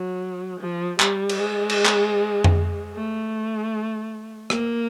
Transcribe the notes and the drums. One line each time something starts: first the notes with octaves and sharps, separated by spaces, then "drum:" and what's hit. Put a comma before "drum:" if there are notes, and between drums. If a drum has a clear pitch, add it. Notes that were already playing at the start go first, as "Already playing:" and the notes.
Already playing: F#3
F3
G3, drum: clap
drum: cymbal
G#3
drum: cymbal
drum: clap
drum: tom F2
A3
A#3, drum: rim click